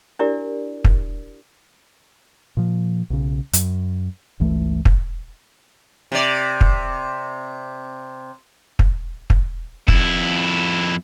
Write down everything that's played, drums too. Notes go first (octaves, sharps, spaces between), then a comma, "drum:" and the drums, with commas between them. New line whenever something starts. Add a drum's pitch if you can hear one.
D4 E4 G4 A#4 D5
drum: kick
A#2 F3
B1 C#3
F#2, drum: hi-hat
G1 C#2 E3 A3
drum: kick
C3 D5
drum: kick
drum: kick
drum: kick
F2 E4, drum: kick